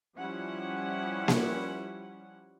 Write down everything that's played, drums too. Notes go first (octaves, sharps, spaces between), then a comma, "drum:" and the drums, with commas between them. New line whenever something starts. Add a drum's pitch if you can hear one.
F3 G3 C#4 E4 F#5
drum: snare A#3